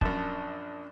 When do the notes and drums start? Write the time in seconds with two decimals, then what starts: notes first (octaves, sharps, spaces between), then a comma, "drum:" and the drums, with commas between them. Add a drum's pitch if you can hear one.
0.01 A#1 F#2 D4 A5, drum: kick